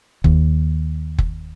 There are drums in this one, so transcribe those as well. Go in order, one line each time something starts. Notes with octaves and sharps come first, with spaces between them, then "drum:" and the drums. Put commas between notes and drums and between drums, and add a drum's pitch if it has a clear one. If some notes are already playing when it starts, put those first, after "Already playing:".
D#2, drum: kick
drum: kick